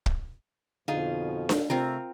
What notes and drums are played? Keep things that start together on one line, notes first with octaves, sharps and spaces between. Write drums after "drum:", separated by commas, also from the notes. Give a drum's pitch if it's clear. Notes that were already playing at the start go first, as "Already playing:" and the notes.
drum: kick
F2 B2 D3 F3 D#4 F4 G#4
drum: snare D4
C3 A3 C4 F4 A#4 E5